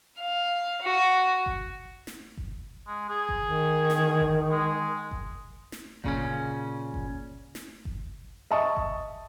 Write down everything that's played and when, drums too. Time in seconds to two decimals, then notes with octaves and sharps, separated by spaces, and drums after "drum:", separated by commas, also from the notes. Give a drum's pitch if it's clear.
0.20 F5
0.82 F#4
1.46 drum: kick G1
2.07 drum: snare
2.37 drum: kick G1
2.87 G#3
3.09 G#4
3.29 drum: kick G1
3.42 D#3
3.90 drum: snare
4.20 drum: kick G1
4.51 G#3
5.11 drum: kick G1
5.72 drum: snare
6.04 A#2 C#3 C#4, drum: kick G1
6.94 drum: kick G1
7.55 drum: snare
7.85 drum: kick G1
8.51 D#5 E5 A5 C#6 D#6
8.77 drum: kick G1